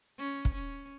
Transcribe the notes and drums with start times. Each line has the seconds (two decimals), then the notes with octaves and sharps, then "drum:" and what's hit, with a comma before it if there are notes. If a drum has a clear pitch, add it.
0.19 C#4
0.45 drum: kick
0.54 C#4